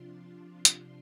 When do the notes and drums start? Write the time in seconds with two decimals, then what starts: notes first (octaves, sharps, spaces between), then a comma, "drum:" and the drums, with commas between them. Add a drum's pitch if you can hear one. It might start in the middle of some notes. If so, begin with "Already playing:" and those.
Already playing: C3 F3 D4 F4 C6
0.65 drum: hi-hat